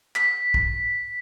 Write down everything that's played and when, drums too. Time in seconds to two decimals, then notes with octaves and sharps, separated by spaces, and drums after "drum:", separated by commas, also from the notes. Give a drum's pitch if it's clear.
0.16 B6, drum: clap
0.54 drum: kick